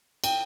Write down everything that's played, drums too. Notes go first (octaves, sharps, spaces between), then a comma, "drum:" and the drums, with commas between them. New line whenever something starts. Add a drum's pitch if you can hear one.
G5, drum: cymbal